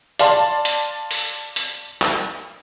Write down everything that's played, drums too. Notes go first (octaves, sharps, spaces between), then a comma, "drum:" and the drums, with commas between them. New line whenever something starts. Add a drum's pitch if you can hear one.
D5 F5 A5 C6, drum: hi-hat
drum: hi-hat
drum: open hi-hat
drum: hi-hat
drum: clap